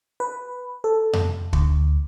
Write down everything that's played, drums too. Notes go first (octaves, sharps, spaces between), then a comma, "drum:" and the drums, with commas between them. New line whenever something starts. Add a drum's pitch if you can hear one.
B4
A4
drum: tom F2
D2, drum: kick